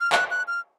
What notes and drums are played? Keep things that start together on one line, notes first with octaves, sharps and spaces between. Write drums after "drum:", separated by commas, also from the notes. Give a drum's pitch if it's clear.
F6
F#6, drum: clap
F#6
F6